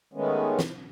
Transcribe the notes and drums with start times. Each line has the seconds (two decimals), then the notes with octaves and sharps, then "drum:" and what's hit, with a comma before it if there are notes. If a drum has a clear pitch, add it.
0.14 D#3 G#3 A3 B3 C#4
0.59 drum: snare